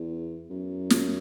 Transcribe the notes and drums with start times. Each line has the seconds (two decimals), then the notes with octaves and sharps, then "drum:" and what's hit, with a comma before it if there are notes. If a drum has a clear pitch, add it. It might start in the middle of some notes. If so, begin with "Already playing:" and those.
Already playing: E2
0.50 F#2
0.90 drum: snare